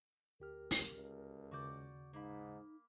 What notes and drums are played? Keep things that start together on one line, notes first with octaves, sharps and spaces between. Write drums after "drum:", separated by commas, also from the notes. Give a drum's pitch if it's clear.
D2 G4 A#4 F6
drum: open hi-hat
C#2
D#2 C#3 F#4 D5 G6
G#2 A#3 D#4 B5